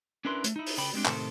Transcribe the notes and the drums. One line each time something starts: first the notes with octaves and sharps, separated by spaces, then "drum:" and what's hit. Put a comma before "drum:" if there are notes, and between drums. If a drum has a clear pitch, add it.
C#4 D4 E4 A#4 B4 C6
A3, drum: hi-hat
D#4 E4
drum: open hi-hat
C#3 G5 B5
G3 G#3 C4 D4
A2 C3 D#3 A4 C5, drum: clap